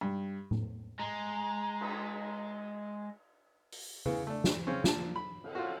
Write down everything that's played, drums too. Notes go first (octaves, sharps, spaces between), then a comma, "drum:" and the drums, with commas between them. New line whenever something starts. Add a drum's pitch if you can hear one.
G2
drum: tom A2
G#3 A#5
drum: cymbal
drum: open hi-hat
C#3 E3 B3, drum: tom C#3
A3 D4
drum: snare
C#3 C4 C#4
A#2 A5, drum: snare
B5
drum: cymbal
F4 F#4